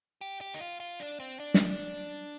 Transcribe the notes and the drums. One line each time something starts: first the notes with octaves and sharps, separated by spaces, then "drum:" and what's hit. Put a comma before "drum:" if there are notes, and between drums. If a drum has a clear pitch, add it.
G4
G4
D#4
F4
F4
D4
C4
D4
drum: snare